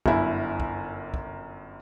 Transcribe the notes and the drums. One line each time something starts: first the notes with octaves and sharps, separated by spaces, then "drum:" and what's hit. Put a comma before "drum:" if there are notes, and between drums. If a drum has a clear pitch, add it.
G1 F#2 E4, drum: kick
drum: kick
drum: kick